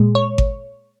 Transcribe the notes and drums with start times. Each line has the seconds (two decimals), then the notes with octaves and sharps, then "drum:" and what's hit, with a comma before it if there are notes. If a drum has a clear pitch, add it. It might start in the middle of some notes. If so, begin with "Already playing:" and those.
Already playing: A#2 G#3
0.15 C#5
0.38 drum: kick G#1